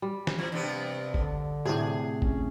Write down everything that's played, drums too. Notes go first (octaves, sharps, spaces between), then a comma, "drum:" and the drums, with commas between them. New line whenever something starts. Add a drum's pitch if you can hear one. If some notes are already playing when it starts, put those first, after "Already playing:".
G3
drum: snare
E3
G2 C3 B3 C4
D3, drum: kick G#1
A2 C3 G#4
C#4, drum: kick G#1